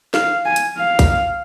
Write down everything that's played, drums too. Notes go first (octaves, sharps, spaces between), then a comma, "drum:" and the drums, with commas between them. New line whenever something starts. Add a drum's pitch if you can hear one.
F5, drum: snare
G#5
drum: hi-hat
F5
drum: kick, hi-hat